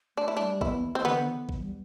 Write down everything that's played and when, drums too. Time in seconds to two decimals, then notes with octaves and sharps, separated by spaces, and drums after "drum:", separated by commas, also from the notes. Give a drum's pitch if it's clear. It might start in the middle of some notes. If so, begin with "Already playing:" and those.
0.17 A3 D4
0.28 E4
0.37 G3 D4
0.61 B3 E4, drum: kick A1
0.83 E3
0.95 C4
1.05 D3 B3
1.27 E3
1.49 drum: kick A1
1.61 G3